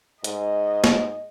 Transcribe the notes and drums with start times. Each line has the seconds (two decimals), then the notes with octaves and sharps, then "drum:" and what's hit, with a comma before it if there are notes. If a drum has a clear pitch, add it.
0.24 G#2 D#5, drum: hi-hat
0.84 drum: snare